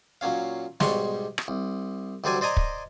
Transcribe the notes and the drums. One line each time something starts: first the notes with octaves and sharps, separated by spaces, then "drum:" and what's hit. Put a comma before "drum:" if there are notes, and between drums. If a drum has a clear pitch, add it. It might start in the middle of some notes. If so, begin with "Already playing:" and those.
A#2 F#3 C#4 F5
B1 G#2 G3 C6 C#6, drum: snare
drum: rim click
C2
D2 F#3 G3 C5 D5 G#5
C5 D5 D#5 G#5 A#5
drum: kick